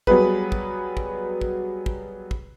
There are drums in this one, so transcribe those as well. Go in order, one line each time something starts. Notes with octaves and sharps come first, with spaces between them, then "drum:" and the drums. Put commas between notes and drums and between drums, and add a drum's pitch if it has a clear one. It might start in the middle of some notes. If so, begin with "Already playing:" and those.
F#3 G3 B3 G#4 B4, drum: kick
drum: kick
drum: kick
drum: kick
drum: kick
drum: kick